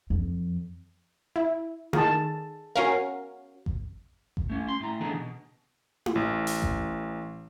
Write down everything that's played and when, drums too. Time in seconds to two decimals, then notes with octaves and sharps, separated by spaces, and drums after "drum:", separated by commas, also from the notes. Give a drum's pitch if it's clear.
0.10 F2
1.36 E4
1.93 D#3 G#4 A5, drum: tom E4
2.76 C#4 F#4 A#4 F5
3.66 drum: kick G#1
4.37 drum: kick G#1
4.50 A3 C#4
4.68 C6
4.80 A2 A#5
5.01 E3 B3 D4 D#4 G#4 A4
5.14 B2
6.06 drum: tom E4
6.15 A1
6.47 drum: open hi-hat
6.62 drum: kick G#1